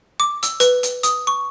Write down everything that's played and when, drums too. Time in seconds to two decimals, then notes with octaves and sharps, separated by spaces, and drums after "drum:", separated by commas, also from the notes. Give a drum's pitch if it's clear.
0.20 D6
0.43 E6, drum: hi-hat
0.60 B4, drum: hi-hat
0.83 drum: hi-hat
1.03 D#6, drum: hi-hat
1.27 C#6